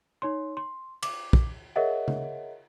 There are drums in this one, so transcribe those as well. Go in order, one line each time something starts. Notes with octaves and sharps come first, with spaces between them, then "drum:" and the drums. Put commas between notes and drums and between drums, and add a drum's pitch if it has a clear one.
D#4 C#5 C6
C6
D6, drum: cymbal
drum: kick
G#4 A#4 C#5 D#5 E5 F#5
drum: tom C#3